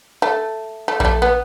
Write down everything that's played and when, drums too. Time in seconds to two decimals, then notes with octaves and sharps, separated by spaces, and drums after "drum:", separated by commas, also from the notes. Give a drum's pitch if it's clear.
0.22 A3
0.88 A3
1.00 G3, drum: kick A#1
1.05 A3
1.22 B3